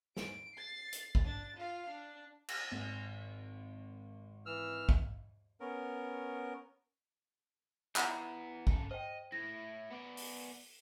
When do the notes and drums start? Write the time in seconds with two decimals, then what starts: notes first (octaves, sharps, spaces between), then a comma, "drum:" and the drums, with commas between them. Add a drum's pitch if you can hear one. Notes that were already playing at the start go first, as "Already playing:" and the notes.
0.17 D7, drum: snare
0.55 A6 C7
0.93 drum: hi-hat
1.15 drum: kick
1.24 D4 A6
1.57 F4 F5
1.89 D4
2.48 drum: cymbal
2.71 G#1
4.46 E3 E6 F6
4.89 drum: kick
5.60 B3 C#4 A#4
7.96 E3 B3 F#5 A#5, drum: clap
8.67 C#3 A4, drum: kick
8.91 C5 D#5 G5
9.32 A3 E4 A#6
9.90 B3 D5
10.17 drum: open hi-hat